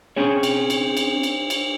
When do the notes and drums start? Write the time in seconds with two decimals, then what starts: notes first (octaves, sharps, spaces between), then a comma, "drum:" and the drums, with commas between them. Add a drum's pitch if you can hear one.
0.16 C4 C#4 G#4 C#5
0.43 drum: cymbal
0.70 drum: cymbal
0.97 drum: cymbal
1.23 drum: cymbal
1.50 drum: cymbal